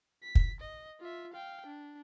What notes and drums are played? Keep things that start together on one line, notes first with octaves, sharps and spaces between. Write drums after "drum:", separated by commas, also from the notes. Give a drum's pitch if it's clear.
B6
drum: kick
D#5
F4 E5
F5 G5
D4